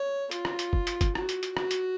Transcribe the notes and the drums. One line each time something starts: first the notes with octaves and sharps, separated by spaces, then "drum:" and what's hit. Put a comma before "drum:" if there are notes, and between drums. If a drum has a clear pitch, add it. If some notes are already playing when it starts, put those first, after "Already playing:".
Already playing: C#5
F4, drum: hi-hat
drum: rim click
drum: hi-hat
drum: kick
drum: hi-hat
drum: kick, hi-hat
F#4, drum: rim click
drum: hi-hat
drum: hi-hat
F#4, drum: rim click
drum: hi-hat